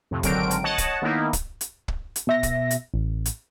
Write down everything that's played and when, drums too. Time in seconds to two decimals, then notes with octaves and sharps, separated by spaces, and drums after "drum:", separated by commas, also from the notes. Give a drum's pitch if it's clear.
0.11 F2 A2 C3
0.23 G#1 D3 F#3 C4 A#4 D7, drum: kick, hi-hat
0.51 drum: hi-hat
0.64 C#5 D#5 F#5 A5
0.78 drum: kick, hi-hat
1.02 D#3 A#3 B3 D#4 E4
1.33 drum: kick, hi-hat
1.61 drum: hi-hat
1.88 drum: kick
2.16 drum: hi-hat
2.27 B2 E5 A#6
2.43 drum: kick, hi-hat
2.71 drum: hi-hat
2.94 A1
3.26 drum: hi-hat